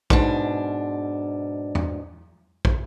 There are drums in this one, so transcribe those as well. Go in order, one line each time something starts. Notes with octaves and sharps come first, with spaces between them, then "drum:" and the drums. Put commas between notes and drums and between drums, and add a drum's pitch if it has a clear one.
G#2 B2 D4, drum: kick
drum: tom E2
drum: kick